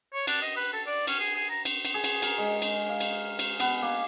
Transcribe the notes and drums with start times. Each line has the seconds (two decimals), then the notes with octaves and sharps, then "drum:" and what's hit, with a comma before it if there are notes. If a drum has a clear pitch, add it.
0.14 C#5
0.27 D4, drum: cymbal
0.42 D#5
0.57 B4
0.73 A4
0.87 D5
1.07 C#4, drum: cymbal
1.20 G#4
1.36 G#4
1.50 A#5
1.65 drum: cymbal
1.85 drum: cymbal
1.94 G#4
2.04 drum: cymbal
2.22 A#4, drum: cymbal
2.38 G#3
2.62 drum: cymbal
2.89 F5
3.00 drum: cymbal
3.39 drum: cymbal
3.60 B3, drum: cymbal
3.82 A#3